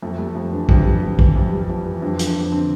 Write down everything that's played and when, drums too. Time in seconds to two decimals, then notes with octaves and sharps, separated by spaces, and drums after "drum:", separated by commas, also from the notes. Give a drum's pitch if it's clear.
0.02 F2 A3
0.18 G3 A3
0.35 F2
0.52 E3 D4
0.69 F2, drum: kick
0.85 G3
1.02 F2
1.19 E3, drum: kick
1.35 F2
1.52 G3
1.69 F2
1.85 E3
2.01 F2 D4
2.19 F3, drum: hi-hat
2.27 D4
2.36 F2
2.52 D3 C4